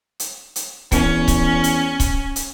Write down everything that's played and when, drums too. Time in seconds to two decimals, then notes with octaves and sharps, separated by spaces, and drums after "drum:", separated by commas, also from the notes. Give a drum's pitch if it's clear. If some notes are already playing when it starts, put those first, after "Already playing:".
0.20 drum: hi-hat
0.56 drum: hi-hat
0.92 E2 C#4, drum: kick C#1, hi-hat
1.28 drum: kick C#1, hi-hat
1.64 drum: hi-hat
2.00 drum: kick C#1, hi-hat
2.36 drum: hi-hat